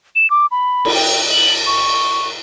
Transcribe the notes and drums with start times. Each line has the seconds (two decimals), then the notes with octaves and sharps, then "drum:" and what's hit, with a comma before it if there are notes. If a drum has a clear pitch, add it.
0.15 E7
0.30 D6
0.51 B5
0.85 drum: cymbal
0.95 G5
1.31 F#7
1.66 C#6